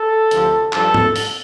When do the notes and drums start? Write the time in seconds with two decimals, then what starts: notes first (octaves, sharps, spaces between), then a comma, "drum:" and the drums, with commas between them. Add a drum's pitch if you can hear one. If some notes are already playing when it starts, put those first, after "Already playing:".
Already playing: A4
0.31 D2 C3 F3, drum: hi-hat
0.73 G2 F3 A4, drum: clap
0.94 drum: tom
1.16 drum: open hi-hat